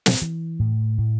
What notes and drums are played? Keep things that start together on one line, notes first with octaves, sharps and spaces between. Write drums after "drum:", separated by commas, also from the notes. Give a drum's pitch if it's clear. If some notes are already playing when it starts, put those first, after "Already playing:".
drum: snare
E3
A2
A2